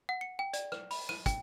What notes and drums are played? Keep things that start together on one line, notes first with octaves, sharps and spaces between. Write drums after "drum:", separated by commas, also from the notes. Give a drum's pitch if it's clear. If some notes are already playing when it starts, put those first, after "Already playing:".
F#5
C#7
G5
D5, drum: hi-hat
F6, drum: rim click
B5, drum: open hi-hat
D#7, drum: rim click
G5, drum: kick, hi-hat